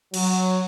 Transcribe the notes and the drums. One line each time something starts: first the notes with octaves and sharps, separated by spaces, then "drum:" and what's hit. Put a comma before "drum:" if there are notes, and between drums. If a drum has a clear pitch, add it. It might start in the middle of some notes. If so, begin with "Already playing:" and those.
F#3, drum: cymbal